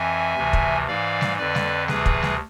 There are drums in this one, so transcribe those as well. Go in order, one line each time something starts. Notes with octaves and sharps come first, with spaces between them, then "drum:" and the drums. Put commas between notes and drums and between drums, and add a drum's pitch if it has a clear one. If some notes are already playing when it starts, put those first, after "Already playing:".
Already playing: F2 E3 E5 G#5
D2 C3 E3
drum: kick
G#2 E3 D5 F5
drum: snare G3
F2 D3 B4 D5
drum: snare G3
D2 C3 E3 G#4 B4, drum: snare G3
drum: kick
drum: snare G3